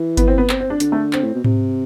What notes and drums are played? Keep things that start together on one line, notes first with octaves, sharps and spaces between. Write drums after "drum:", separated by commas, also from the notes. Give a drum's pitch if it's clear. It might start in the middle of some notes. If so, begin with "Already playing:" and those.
Already playing: E3
B3, drum: kick G1, hi-hat
C4
B3
C4, drum: clap
C4
D4
D3, drum: hi-hat
A3
C4, drum: clap
A2
B2
C3, drum: tom G#2